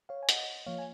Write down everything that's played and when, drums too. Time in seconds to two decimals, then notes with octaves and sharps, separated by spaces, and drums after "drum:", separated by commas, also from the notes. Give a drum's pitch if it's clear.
0.09 C#5 F5
0.23 G#5
0.29 D#5 F#5, drum: hi-hat
0.66 F3 A#3 C#5 F5
0.78 G#5